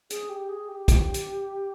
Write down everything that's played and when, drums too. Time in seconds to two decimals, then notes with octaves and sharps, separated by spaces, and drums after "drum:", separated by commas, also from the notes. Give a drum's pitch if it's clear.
0.10 G#4, drum: hi-hat
0.29 G4
0.49 G#4
0.69 G4
0.88 drum: kick, hi-hat
1.14 drum: hi-hat